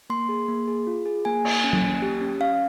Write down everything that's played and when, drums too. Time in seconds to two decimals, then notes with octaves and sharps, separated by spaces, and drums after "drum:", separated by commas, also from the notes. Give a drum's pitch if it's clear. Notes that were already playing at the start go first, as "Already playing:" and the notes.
0.10 A#3 C6
0.29 G#4
0.48 A#3
0.68 G#4
0.87 F4
1.05 G#4
1.25 A#3 G#5
1.44 A#3, drum: cymbal
1.64 C#4
1.73 drum: tom F#3
1.82 A#3
2.02 G4
2.21 C#4
2.40 C#4 F5